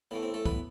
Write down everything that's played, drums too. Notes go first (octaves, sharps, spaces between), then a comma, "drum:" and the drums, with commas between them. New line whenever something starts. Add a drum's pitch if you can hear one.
A2 E3 A3 B3
C4
A3 A4
B3 B4, drum: kick